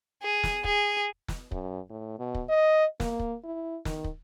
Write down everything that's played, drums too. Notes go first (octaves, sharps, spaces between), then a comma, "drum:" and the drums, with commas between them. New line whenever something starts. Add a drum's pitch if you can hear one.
G#4
drum: snare
G#4, drum: kick
drum: snare
F#2, drum: kick
A2
B2
drum: kick
D#5
A#3, drum: snare
drum: kick
E4
D#3, drum: snare
drum: kick